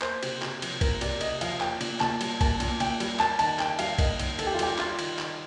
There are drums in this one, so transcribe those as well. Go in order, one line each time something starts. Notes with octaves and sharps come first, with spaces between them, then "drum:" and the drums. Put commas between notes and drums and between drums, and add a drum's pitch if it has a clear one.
A#3 C5, drum: clap
C3, drum: cymbal
C3, drum: clap
F3, drum: cymbal
A#3 A#4, drum: kick B1, cymbal
C3 D5, drum: cymbal
C3 D#5, drum: cymbal
F3 F5, drum: cymbal
A#3 G5, drum: clap
A#2, drum: cymbal
A#2 A5, drum: clap
G3, drum: cymbal
A#3 A5, drum: kick B1, cymbal
A#2, drum: cymbal
A#2 G5, drum: cymbal
G3, drum: cymbal
A#3 A5, drum: clap
D#3 A5, drum: cymbal
D#3 G5, drum: clap
G3 F5, drum: cymbal
A#3 D#5, drum: kick B1, cymbal
D#3, drum: cymbal
D#3 A4, drum: cymbal
G4
F4
G3 G4, drum: cymbal
D4 F4, drum: clap
D#3, drum: cymbal
D#3, drum: clap